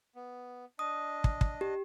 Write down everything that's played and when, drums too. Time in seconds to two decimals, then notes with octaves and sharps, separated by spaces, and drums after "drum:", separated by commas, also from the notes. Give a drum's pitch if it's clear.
0.16 B3
0.79 D4 D#5 D#6
1.24 drum: kick
1.41 drum: kick
1.61 G4